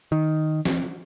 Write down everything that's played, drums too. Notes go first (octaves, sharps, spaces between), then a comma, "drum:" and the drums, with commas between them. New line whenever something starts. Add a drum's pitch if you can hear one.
D#3
drum: snare